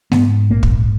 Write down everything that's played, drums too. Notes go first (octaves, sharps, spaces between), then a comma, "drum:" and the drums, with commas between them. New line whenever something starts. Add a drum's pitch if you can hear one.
G#2 B3, drum: snare
A#1 A#3
drum: kick